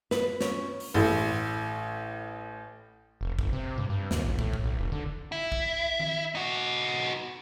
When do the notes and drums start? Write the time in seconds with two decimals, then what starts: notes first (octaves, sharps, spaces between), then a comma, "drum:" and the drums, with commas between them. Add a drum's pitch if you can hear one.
0.11 B4, drum: snare
0.41 C#4, drum: snare
0.80 drum: open hi-hat
0.94 A1 A2
3.21 F1
3.39 G1, drum: kick
3.53 C3
3.78 G2
3.90 G2
4.11 D#2, drum: snare
4.24 A1
4.39 A2, drum: kick
4.53 drum: kick
4.64 B1
4.79 F1
4.92 D3
5.32 E4
5.52 drum: kick
6.00 drum: tom D#3
6.35 D#4 F#4